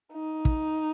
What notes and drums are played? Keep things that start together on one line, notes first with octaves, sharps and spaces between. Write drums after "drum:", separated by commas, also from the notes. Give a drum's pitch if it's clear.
D#4
drum: kick